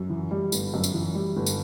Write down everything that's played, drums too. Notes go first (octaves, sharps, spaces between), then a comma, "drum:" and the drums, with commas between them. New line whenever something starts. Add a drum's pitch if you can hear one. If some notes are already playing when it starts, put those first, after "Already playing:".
Already playing: F#2
E3
G3
G1, drum: tambourine
F#2
drum: tambourine
E3
G3
G1
drum: tambourine